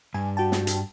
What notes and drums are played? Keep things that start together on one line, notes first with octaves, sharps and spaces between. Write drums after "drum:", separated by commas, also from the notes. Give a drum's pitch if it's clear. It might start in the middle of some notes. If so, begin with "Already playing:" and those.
G2 G#5
F#4 G5 A5
drum: snare
drum: hi-hat